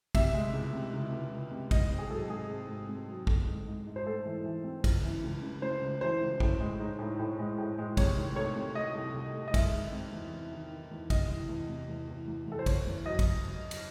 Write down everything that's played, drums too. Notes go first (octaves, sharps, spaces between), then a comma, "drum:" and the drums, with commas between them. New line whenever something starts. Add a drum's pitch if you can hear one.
C3 E5, drum: kick, cymbal
G#3
C#2
C3
C#2
C#2
C#2
C3
G#2 D#5, drum: kick, cymbal
C4
G#4
F#3 A4
G#2 G#4
C4
G#2
C4
F#3
A3, drum: kick
G#2
G#2
G#2
C5
A3 A4
E3
E3
C4
C#2, drum: kick, cymbal
E3
C#2
C#3
C#3 C5
C#2
E3 C5
C#2
A2, drum: kick
G#3
D#4
A2
A2
G#3
A2
G#3
C3 C#5, drum: kick, cymbal
D#3
A3 C#5
C3
A3 D#5
C2
C2
A3
D#5
G#3 E5, drum: kick, cymbal
D#3
C4
E2
E2
D#3
D#3
E2
C3 D#5, drum: kick, cymbal
E3
E2
C3
E2
E2
E2
E2 A4
C5
F#1 C#5, drum: kick, cymbal
E2
F#3 D#5
drum: kick, cymbal
drum: cymbal